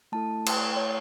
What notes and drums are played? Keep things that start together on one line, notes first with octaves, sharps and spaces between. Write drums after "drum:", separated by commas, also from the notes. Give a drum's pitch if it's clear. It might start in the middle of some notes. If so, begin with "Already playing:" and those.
A3 E4 A4 A5
drum: cymbal
C#5